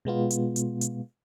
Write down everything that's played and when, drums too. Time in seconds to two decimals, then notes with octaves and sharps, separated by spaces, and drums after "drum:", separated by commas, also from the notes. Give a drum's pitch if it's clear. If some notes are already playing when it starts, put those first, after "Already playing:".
0.05 B2 G#3 B3 F4
0.31 drum: hi-hat
0.56 drum: hi-hat
0.81 drum: hi-hat